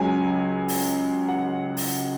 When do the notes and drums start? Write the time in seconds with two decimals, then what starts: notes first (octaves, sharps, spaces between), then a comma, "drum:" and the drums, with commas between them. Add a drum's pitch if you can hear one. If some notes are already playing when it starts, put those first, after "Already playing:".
Already playing: C#2 C#3 F#3 G#5
0.68 drum: open hi-hat
1.28 F#5
1.77 drum: open hi-hat